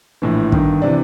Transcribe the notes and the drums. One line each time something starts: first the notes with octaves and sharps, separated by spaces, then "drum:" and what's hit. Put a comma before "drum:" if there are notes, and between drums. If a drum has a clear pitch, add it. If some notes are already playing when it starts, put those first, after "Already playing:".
A#1 A2 E3
G1 G2 D#3, drum: kick
C3 E3 D4